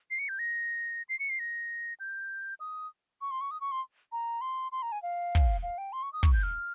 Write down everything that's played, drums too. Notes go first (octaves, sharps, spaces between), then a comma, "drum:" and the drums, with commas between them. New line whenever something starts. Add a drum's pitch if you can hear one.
C7
C#7
G6
A#6
C7
C#7
C7
A#6
G6
D#6
C#6
C6
C#6
D#6
C#6
C6
A#5
C6
C6
A#5
G#5
F5
drum: kick
F5
G5
C6
C#6
D#6
C#6, drum: kick
G6
F6